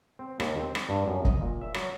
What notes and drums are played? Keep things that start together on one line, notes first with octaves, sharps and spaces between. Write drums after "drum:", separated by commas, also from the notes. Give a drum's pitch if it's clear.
C4
D#2, drum: rim click
C4
drum: rim click
G2
F#2
D#5, drum: kick
A#2
E5
F#3, drum: rim click